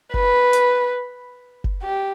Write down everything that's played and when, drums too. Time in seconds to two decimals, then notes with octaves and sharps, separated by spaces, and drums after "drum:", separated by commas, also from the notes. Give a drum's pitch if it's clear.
0.14 B4, drum: kick F#1
0.53 drum: hi-hat
1.64 drum: kick F#1
1.82 G4